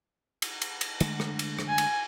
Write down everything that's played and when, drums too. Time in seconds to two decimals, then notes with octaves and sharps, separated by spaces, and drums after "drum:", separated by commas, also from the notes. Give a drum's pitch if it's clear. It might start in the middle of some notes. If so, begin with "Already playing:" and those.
0.42 drum: cymbal
0.62 drum: cymbal
0.81 drum: cymbal
1.00 D3 G#3 A3, drum: cymbal
1.20 drum: rim click
1.39 drum: cymbal
1.59 drum: rim click
1.69 G#5
1.78 drum: cymbal